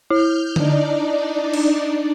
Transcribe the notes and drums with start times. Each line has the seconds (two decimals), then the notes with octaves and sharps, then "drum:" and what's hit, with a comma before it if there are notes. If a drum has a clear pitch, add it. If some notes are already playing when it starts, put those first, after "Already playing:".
0.10 E4 F6 G6
0.56 D4 D#4 D5, drum: tom D3
1.54 drum: cymbal